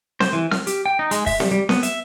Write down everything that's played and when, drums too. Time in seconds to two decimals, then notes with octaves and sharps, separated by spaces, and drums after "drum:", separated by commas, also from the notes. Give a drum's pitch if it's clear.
0.20 C5, drum: snare C4
0.33 E3
0.51 F6, drum: snare C4
0.67 G4, drum: hi-hat
0.86 G5
0.99 D#4
1.11 G#3, drum: hi-hat
1.26 E5, drum: kick, open hi-hat
1.40 G3, drum: snare C4
1.51 G3
1.69 B3, drum: snare C4
1.83 E5, drum: hi-hat